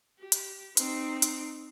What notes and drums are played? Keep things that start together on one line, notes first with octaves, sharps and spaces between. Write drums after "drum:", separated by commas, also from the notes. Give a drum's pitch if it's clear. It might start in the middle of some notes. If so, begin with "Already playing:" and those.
G4
drum: hi-hat
C4 D#4, drum: hi-hat
drum: hi-hat